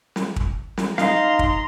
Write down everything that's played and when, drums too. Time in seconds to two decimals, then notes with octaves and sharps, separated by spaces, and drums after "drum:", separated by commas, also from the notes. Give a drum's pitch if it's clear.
0.16 drum: snare
0.36 drum: kick
0.77 drum: snare
0.98 D#4 F5 A#5 C6, drum: snare
1.39 drum: kick